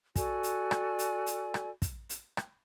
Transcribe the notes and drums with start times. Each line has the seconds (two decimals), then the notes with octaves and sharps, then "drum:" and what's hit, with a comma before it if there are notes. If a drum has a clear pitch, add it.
0.16 F#4 A4 D5 G#5, drum: kick, hi-hat
0.43 drum: hi-hat
0.71 drum: rim click
0.99 drum: hi-hat
1.26 drum: hi-hat
1.54 drum: rim click
1.82 drum: kick, hi-hat
2.09 drum: hi-hat
2.37 drum: rim click